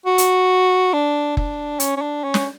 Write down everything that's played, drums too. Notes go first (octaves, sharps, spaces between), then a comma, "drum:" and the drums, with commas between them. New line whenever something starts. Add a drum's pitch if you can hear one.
F#4
drum: hi-hat
D4
D4, drum: kick F#1
C#4, drum: hi-hat
C#4
D4
C#4
drum: snare